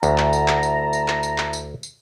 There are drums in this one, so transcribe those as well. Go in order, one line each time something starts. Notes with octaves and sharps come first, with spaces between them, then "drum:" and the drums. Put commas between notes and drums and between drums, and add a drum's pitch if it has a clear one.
D2 E4 A5 A#5, drum: tambourine
drum: clap
drum: tambourine
drum: clap
drum: tambourine
drum: tambourine
drum: clap
drum: tambourine
drum: clap
drum: tambourine
drum: tambourine